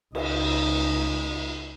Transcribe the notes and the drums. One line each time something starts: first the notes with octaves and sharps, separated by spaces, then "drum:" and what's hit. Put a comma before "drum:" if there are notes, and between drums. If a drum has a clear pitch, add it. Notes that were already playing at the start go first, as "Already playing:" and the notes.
C#2 D#4, drum: cymbal